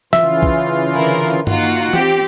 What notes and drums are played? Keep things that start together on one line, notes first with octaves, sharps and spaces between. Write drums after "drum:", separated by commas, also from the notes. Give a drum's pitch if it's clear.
C#3 E3 F4 E5, drum: snare
drum: kick
D3 E4 A#4
A#3 D#4 F4 F#4 F#5, drum: tom G2
C4 G4, drum: tom E3